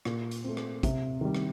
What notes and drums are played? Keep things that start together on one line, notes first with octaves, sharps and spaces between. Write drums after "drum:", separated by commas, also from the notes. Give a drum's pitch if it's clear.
A#2, drum: rim click
drum: hi-hat
A3 C4
drum: rim click
C3, drum: kick, hi-hat
D#3 G3
drum: rim click